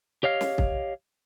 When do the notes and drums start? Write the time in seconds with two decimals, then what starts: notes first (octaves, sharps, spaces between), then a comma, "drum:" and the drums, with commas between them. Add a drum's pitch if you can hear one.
0.23 G4 C#5 D#5 F5
0.41 drum: snare
0.58 drum: kick